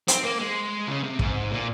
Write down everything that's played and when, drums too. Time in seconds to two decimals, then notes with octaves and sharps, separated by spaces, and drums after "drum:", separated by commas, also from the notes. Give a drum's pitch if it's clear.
0.08 C4, drum: hi-hat
0.24 A#3
0.39 G#3
0.87 C#3
1.03 C3
1.19 G#2, drum: kick
1.52 A#2